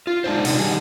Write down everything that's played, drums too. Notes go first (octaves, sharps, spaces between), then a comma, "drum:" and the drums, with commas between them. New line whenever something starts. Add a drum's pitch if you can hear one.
F4
G#3 D4 D#4 C5
C3 D4 D#4 F#5, drum: open hi-hat
D#3 G3 G#4